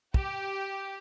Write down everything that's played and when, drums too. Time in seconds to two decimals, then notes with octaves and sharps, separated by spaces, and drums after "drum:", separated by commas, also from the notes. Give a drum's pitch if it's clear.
0.14 G4, drum: kick